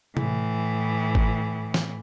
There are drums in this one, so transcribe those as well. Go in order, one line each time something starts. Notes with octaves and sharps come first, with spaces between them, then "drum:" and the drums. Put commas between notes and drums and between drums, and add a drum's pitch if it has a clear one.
A2 E3, drum: tom C3
drum: kick G#1
drum: snare